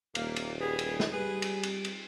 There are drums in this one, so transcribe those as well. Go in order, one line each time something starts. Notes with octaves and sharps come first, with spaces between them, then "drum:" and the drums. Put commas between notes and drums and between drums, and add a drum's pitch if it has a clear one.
D#1 A#3, drum: cymbal
drum: cymbal
G3 B3 G#4
drum: cymbal
drum: snare
G3 G#4 B4
drum: cymbal
drum: cymbal
drum: cymbal